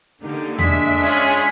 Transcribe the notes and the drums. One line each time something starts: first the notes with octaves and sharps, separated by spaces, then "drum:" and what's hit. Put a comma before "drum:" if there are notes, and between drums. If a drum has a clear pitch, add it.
D3 A#3 D#4 G4
G#3 D4 E5 B6, drum: tom E2
C#4 F4 G#4